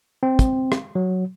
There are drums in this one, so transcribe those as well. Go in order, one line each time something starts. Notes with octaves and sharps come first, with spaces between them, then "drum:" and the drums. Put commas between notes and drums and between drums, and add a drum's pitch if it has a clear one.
C4
drum: kick, hi-hat
drum: rim click
F#3